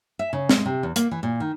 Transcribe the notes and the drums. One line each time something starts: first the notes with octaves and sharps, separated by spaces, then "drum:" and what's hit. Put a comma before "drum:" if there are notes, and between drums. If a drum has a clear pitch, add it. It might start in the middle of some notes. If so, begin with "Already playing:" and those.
E5
C#3
G#3, drum: snare
C3
E2
A#3, drum: hi-hat
E3
A#2
D#3